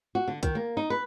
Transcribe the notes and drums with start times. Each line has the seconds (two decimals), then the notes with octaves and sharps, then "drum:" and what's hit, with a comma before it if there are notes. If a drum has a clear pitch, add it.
0.15 F#4
0.28 D3
0.43 D#3, drum: kick, hi-hat
0.55 A#3
0.77 D#4
0.90 B4